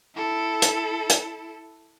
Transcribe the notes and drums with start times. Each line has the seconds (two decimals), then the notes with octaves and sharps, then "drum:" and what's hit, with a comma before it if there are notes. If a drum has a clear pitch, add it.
0.15 E4 A4
0.62 drum: hi-hat
1.10 drum: hi-hat